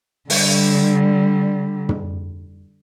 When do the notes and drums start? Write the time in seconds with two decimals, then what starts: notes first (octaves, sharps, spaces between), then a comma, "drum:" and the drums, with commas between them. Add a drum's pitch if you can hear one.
0.30 D3 G3, drum: open hi-hat
1.89 drum: tom